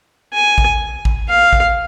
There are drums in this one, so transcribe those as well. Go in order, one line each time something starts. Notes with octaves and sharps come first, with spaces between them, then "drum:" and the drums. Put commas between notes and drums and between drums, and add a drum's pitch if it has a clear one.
G#5
drum: kick A1
drum: kick A1
F5
drum: kick A1